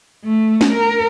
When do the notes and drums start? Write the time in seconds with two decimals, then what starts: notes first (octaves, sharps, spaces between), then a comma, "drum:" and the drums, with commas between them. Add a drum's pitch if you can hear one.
0.24 A3
0.61 drum: snare C#4
0.73 A#4